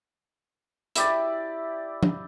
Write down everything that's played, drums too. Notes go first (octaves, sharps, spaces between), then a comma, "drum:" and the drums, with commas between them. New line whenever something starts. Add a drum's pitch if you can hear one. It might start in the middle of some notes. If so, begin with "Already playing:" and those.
E4 G4 D5, drum: hi-hat
drum: tom F3